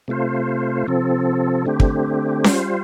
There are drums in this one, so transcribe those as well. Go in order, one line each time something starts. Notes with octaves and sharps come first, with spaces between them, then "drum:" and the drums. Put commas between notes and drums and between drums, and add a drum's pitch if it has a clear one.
C3 A3 F4 C5
C3 F3 C4 A4
D3 A3 C4 G4
drum: kick
G3 F4 C5, drum: snare C#4